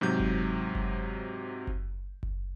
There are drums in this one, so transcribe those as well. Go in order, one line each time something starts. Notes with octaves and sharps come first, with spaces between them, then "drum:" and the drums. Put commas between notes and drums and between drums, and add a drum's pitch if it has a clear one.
G#2 C3 F#3 G6
drum: kick F#1
drum: kick F#1
drum: kick F#1
drum: kick F#1